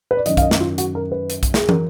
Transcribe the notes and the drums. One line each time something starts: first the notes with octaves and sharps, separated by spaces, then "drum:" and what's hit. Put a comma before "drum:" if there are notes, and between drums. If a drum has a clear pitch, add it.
B4
D5
F#2 D#3 F#3 D#5, drum: hi-hat
F5, drum: kick B1, hi-hat
D#5
drum: snare
F4
F#4, drum: hi-hat
A#4
B4
drum: hi-hat
drum: kick B1, hi-hat
G#4, drum: snare
A#4, drum: tom